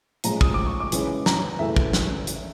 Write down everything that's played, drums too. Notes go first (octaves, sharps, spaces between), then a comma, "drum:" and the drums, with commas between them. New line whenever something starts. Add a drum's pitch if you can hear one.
A2 F3 G#3 C#4 A#5, drum: hi-hat
D#6, drum: kick
D6
C#6
D6
C#3 E3 G#3 C#4, drum: hi-hat
A#5, drum: snare
F#2 C#3 E3 A3 E5
drum: kick
drum: snare
drum: hi-hat